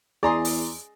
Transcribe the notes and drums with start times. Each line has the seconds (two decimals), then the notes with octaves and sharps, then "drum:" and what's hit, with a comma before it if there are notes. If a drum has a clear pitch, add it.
0.23 E2 G#4 D5 A#5 C6
0.45 drum: open hi-hat